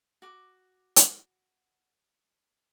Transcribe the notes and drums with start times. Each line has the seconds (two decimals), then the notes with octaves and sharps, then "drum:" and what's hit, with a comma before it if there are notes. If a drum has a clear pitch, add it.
0.22 F#4 D6
0.96 drum: hi-hat